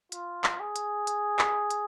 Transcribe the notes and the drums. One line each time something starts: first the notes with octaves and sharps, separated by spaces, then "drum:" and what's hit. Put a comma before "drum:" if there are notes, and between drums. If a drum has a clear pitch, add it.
F4, drum: hi-hat
drum: clap
G#4
drum: hi-hat
drum: hi-hat
drum: clap
drum: hi-hat